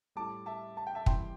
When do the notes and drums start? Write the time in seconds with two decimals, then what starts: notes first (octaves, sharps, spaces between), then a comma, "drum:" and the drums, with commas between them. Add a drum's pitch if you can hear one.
0.16 A2 G3 A5 D6
0.46 E5 A5
0.77 A5
0.87 G5
0.95 E5 A5
1.06 C3 E3 G3 G5 C6, drum: kick